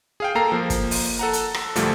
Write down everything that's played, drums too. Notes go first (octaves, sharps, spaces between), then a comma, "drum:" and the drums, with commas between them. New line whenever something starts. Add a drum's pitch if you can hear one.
G#4 F5 G5
A#3 A4 A#5 C7
F3 A#3
drum: kick, hi-hat
drum: open hi-hat
A4 F#5 A#5
drum: hi-hat
drum: rim click
D2 A#2 F3 G3 A3, drum: hi-hat